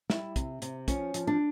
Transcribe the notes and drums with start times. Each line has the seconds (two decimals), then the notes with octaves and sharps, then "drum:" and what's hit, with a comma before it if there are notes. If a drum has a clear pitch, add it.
0.10 G3 E4, drum: snare
0.36 C3, drum: kick, hi-hat
0.62 C3, drum: hi-hat
0.88 F3 C#4, drum: kick, hi-hat
1.14 F3, drum: hi-hat
1.27 D4